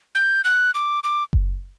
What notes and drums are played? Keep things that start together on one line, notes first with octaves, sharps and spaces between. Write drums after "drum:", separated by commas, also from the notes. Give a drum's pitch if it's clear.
G6
F#6
D6
D6
drum: kick F#1